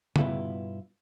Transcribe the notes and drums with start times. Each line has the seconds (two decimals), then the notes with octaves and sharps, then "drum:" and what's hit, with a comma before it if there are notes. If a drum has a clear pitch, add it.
0.16 G2 B2 B3 E4 F4, drum: tom C#3